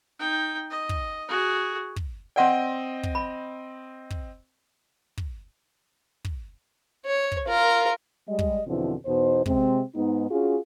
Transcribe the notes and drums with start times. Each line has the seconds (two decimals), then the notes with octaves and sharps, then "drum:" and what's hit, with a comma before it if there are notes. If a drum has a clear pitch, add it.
0.19 D#4 G5
0.71 D#5
0.89 drum: kick
1.28 F#4 G#4
1.96 drum: kick
2.36 C4 D5 D#5 F#5 G5 C6
3.03 drum: kick
3.15 B5
4.10 drum: kick
5.17 drum: kick
6.25 drum: kick
7.05 C#5
7.32 drum: kick
7.47 F4 A#4
8.28 G3 G#3 D#5
8.39 drum: kick
8.67 E2 B2 D3 F3 C4 E4
9.06 E2 B2 D#4 C5
9.46 C3 G#3 C4, drum: kick
9.95 G#2 B3 D#4
10.30 C#4 F4 F#4 G#4